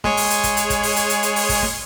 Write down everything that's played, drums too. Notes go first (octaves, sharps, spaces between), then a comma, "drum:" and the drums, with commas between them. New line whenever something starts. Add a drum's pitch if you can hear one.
G#3 G#4 C#5, drum: snare
drum: open hi-hat
drum: hi-hat
drum: kick, hi-hat
drum: hi-hat
drum: kick, hi-hat
drum: open hi-hat
drum: hi-hat
drum: hi-hat
drum: hi-hat
drum: open hi-hat
drum: kick, open hi-hat
drum: snare